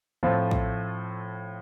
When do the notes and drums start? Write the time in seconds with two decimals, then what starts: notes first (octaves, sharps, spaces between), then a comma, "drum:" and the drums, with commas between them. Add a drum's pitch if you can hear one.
0.23 A2 F3 A3 C4 F4
0.51 drum: kick